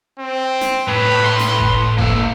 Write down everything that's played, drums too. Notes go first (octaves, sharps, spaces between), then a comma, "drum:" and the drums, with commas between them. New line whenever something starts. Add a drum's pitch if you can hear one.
C4
drum: snare
A2 B4
C6
drum: snare
drum: kick G1
A#3 A4, drum: kick G1